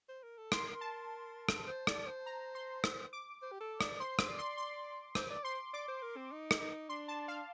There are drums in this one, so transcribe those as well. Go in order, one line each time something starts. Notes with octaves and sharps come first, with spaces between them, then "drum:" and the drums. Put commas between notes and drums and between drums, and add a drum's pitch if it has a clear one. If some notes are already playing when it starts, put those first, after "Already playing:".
C5
A#4
A4
A#4 C6, drum: rim click
A5
drum: rim click
C5
D5, drum: rim click
C5
A#5
C6
drum: rim click
D6
C5
G4
A4
D5, drum: rim click
C5 C6
D6, drum: rim click
D5
C6
C6
C5 D6, drum: rim click
D5
C5 C6
D5 D6
C5
A#4
C4
D#4
drum: rim click
D#4
D4 C6
A5
F5